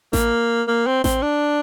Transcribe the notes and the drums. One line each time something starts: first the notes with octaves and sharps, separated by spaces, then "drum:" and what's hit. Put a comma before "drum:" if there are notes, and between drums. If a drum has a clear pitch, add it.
A#3, drum: snare A1
A#3
C4
C4, drum: snare A1
D4